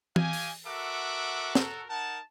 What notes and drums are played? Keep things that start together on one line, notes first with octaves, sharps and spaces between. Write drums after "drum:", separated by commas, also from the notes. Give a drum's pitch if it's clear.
G4 D#5 F5 G#5, drum: tom E3
drum: open hi-hat
F#4 A4 A#4 E5 F#5 D6
F#4 A4 A#4, drum: snare
D#4 A#4 F#5 A5